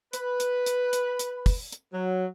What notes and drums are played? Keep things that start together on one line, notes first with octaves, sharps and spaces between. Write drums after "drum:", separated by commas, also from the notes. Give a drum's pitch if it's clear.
B4, drum: hi-hat
drum: hi-hat
drum: hi-hat
drum: hi-hat
drum: hi-hat
drum: kick, open hi-hat
drum: hi-hat
F#3